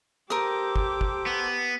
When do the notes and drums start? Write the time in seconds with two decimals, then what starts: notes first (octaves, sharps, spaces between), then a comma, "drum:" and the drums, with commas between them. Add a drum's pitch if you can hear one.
0.30 G4 A4 A#4 C5 D6 D#6
0.76 drum: kick
1.01 drum: kick
1.26 B3